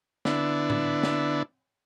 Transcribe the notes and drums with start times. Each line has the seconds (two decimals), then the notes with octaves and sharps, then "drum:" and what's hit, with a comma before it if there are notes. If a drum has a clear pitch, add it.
0.25 D3 B3 D4 E4, drum: snare
0.70 drum: tom A2
1.03 drum: snare